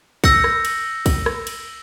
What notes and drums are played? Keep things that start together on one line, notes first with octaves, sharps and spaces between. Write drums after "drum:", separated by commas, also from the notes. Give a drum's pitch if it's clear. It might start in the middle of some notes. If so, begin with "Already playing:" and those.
E6 G6 A#6 C#7, drum: kick, cymbal
drum: rim click
drum: cymbal
drum: kick, cymbal
drum: rim click
drum: cymbal